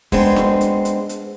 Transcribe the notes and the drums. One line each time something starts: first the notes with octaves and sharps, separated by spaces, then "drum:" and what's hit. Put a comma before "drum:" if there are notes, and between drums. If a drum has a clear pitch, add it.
G#3 B3 C4 D4, drum: kick, open hi-hat
drum: snare D4
drum: hi-hat
drum: hi-hat
drum: hi-hat